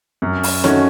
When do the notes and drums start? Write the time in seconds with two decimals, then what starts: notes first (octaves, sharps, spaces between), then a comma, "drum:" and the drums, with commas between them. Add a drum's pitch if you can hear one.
0.22 F#2
0.43 drum: open hi-hat
0.64 D#3 A3 C#4 F#4, drum: snare